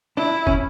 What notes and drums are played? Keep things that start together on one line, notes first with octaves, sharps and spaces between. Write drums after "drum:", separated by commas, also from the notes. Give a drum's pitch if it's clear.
D4 E4
C#4, drum: kick